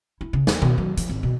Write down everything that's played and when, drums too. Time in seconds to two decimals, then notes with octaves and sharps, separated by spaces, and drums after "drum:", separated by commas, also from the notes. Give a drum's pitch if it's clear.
0.21 E4
0.33 C#3
0.47 D#2, drum: snare
0.62 B2, drum: tom D#3
0.78 F#3
0.97 F3, drum: hi-hat
1.09 G#1
1.23 B2